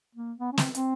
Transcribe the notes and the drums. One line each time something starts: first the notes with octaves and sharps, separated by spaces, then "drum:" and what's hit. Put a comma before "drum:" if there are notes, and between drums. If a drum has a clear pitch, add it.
A#3
B3
C#4
C4, drum: snare
C4, drum: hi-hat